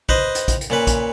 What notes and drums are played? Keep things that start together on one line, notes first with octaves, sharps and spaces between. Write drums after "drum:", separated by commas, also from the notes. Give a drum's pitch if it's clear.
B4 C5 D#5, drum: kick A#1
drum: hi-hat
drum: kick A#1, hi-hat
drum: hi-hat
A#2 C#4 B4
drum: kick A#1, hi-hat